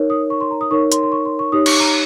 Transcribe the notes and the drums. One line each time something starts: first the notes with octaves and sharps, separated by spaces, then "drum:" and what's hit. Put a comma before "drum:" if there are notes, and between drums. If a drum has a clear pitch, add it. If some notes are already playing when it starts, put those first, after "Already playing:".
Already playing: D#4 A#4 C#5
D#6
C#6
C6
A#5
D#6
D#4 A#4 C#5 C#6
C6, drum: hi-hat
C6
C#6
C6
C#6
D#4 G4 C#5 D#6
C#6, drum: cymbal
A#5